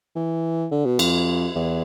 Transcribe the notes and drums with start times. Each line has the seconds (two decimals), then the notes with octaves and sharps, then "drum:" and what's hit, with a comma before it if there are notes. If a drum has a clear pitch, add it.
0.16 E3
0.71 D3
0.85 B2
0.99 F2, drum: cymbal
1.55 E2